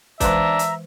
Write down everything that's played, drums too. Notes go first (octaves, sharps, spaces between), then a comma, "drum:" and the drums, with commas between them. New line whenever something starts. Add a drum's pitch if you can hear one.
E3 G#3 D4 B4 E5 A#5, drum: kick, hi-hat
drum: hi-hat